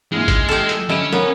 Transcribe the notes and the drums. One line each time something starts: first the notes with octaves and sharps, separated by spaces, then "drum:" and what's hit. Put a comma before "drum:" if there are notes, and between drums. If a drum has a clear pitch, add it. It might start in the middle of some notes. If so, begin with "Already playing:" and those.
A#2 D3 E3 G#3 F6
drum: kick G#1, hi-hat
G4 A4
drum: hi-hat
D3 C#4 E4 D#5 D7 E7, drum: snare
B3 A#4 C#5, drum: snare